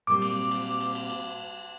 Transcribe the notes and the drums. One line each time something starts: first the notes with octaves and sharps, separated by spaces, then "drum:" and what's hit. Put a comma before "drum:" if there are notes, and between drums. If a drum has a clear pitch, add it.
A#2 G3 C4 D6
drum: cymbal
drum: cymbal
drum: cymbal
drum: cymbal
drum: cymbal